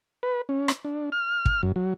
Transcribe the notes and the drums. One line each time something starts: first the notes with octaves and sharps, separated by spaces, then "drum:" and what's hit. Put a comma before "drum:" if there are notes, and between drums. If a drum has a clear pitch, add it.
B4
C#4
drum: rim click
D4
F6
drum: kick
F#2
F#3